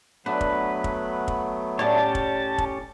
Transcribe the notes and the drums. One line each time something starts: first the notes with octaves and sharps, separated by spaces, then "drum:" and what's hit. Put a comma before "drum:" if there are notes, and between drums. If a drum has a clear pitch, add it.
F#3 A3 B3 D4 B4
drum: kick
drum: kick
drum: kick
A2 C#4 G4 C#5 D5 A5
drum: kick
drum: kick